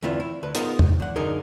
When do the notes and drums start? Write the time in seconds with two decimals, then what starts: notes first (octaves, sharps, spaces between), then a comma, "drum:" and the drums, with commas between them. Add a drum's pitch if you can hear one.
0.02 E2 D3 C4 E4 F4 B4
0.20 E4
0.43 D2 B4
0.55 B3 D#4 F4 G#4 A#4, drum: hi-hat
0.79 drum: tom
1.00 E2 F#5
1.16 F#2 D3 D#4 G#4 A#4